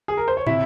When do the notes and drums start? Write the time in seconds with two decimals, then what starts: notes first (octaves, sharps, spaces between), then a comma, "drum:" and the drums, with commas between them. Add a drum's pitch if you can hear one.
0.08 G#4
0.17 A#4
0.28 C5
0.37 C#5
0.47 C3 E4 E5, drum: tom